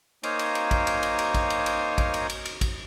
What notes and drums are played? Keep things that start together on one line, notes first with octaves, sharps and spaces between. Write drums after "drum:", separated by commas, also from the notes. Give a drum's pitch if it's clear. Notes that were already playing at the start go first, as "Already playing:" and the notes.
A#3 D#4 C5 C#5 F5 G#5, drum: cymbal
drum: cymbal
drum: cymbal
drum: kick A1, cymbal
drum: cymbal
drum: cymbal
drum: cymbal
drum: kick A1, cymbal
drum: cymbal
drum: cymbal
drum: kick A1, cymbal
drum: cymbal
drum: cymbal
drum: cymbal
drum: kick A1, cymbal